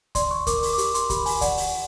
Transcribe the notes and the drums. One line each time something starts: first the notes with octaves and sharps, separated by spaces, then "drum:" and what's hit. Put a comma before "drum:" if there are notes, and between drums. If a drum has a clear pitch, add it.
D5 C6, drum: kick D2, hi-hat
C#6
A#4 D6, drum: kick D2, hi-hat
C#6, drum: open hi-hat
D6
G4 C#6, drum: hi-hat
C6, drum: hi-hat
G4 B5, drum: kick D2, hi-hat
G#5, drum: open hi-hat
D5 F#5, drum: kick D2, hi-hat
drum: open hi-hat